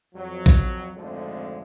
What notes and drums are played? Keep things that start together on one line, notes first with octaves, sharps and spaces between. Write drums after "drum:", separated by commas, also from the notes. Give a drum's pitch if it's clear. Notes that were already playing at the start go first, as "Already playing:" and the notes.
F2 F#3
drum: kick A#1
G#1 F2 D3 G#3 A3